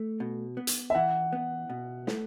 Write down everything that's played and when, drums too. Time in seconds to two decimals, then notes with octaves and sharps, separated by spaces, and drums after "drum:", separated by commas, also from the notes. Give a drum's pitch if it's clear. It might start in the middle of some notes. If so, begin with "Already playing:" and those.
Already playing: A3
0.20 B2
0.57 B3
0.67 drum: hi-hat
0.90 E5
0.95 E3 F#5
1.33 B3
1.70 B2
2.07 A3, drum: snare